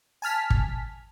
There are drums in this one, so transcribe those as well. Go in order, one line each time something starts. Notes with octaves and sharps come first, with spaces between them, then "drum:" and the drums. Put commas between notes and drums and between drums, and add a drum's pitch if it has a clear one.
G#5 A5 F6 B6
drum: kick